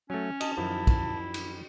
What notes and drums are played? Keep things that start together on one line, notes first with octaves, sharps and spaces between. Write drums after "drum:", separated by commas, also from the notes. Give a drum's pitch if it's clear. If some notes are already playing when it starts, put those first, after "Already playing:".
F#3 A3 C#4
D#5 A5, drum: cymbal
F#2 D#3 F3 E4
drum: kick, cymbal
drum: cymbal